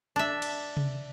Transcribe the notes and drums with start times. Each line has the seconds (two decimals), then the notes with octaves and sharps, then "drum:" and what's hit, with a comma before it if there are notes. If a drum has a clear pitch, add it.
0.16 D4 E5
0.42 drum: cymbal
0.77 drum: tom C3